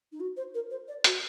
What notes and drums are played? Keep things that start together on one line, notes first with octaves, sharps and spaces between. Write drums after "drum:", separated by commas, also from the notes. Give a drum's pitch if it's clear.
D#4
F#4
C5
A#4
C5
D5
F#4, drum: hi-hat